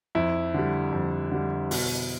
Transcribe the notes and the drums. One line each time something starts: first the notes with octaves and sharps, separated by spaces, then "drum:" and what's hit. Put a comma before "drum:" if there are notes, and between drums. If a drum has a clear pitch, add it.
F2 E4
D3 G3
F2
D3 G3
B2, drum: open hi-hat